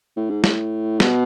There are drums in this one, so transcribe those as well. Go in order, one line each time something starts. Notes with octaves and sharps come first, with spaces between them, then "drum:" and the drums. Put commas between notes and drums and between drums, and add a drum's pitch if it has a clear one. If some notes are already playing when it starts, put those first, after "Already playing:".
A2
G#2
A2, drum: snare
B2, drum: snare